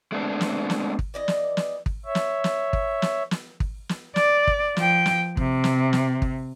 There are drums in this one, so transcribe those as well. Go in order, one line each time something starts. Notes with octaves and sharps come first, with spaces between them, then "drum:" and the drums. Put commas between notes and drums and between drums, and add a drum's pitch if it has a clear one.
G#3 A3 B3 C4 D4
drum: snare
drum: snare
drum: kick
E3 D5 D#5
drum: snare
drum: snare
drum: kick
C#5 E5
drum: snare
drum: snare
drum: kick
drum: snare
drum: snare
drum: kick
drum: snare
D5, drum: snare
drum: kick
F3 G5, drum: snare
drum: snare
C3, drum: kick
drum: snare
drum: snare
drum: kick